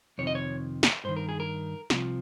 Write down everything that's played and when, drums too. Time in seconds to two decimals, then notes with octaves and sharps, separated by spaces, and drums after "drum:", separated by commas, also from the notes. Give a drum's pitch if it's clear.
0.18 F2 C3 D#3 C#5
0.27 D#5
0.35 C#5
0.83 drum: snare
1.05 G2 D#3 C5
1.16 A#4
1.29 G#4
1.40 A#4
1.90 C2 C3 F3, drum: snare